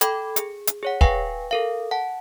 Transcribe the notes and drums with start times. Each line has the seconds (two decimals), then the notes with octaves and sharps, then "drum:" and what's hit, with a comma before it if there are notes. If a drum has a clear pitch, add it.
0.01 A4 G5 B5 D6 G#6, drum: hi-hat
0.36 G#4, drum: hi-hat
0.67 drum: hi-hat
0.83 G#4 C#5 F#5
1.01 B4 F5 G5 G#5 C#6 A#6, drum: kick
1.51 A4 A#4 F5
1.91 F#5 A5